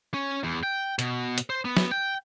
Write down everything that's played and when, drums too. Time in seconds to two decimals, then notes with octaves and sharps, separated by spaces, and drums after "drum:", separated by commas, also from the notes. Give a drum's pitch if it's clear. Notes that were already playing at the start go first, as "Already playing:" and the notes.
0.14 C#4
0.44 E2
0.63 G5
0.99 B2, drum: hi-hat
1.38 drum: hi-hat
1.50 C5
1.65 B3
1.77 drum: snare
1.91 G5